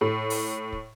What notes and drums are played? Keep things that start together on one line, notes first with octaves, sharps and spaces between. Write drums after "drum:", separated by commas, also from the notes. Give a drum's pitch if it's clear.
A2
drum: open hi-hat
drum: kick